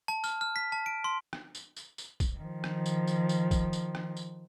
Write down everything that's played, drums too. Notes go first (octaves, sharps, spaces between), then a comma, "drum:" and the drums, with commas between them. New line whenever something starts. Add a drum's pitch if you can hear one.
A5
F6, drum: tambourine
F6
B6
A5
D7
C6
drum: rim click
drum: tambourine
drum: tambourine
drum: tambourine
drum: kick, tambourine
D#3 F3
drum: rim click
drum: tambourine
drum: tambourine
drum: tambourine
drum: kick, tambourine
drum: tambourine
drum: rim click
drum: tambourine